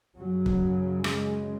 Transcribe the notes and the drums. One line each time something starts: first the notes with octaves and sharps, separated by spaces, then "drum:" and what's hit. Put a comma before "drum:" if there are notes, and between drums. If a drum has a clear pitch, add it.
F#2 C#3 F#3
drum: kick
G#3, drum: rim click